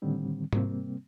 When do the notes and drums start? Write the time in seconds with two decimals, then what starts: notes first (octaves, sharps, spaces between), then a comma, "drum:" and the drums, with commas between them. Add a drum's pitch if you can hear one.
0.02 A2 D3 D#3 G3 C4
0.53 C3 G3 A#3 C4, drum: tom G#2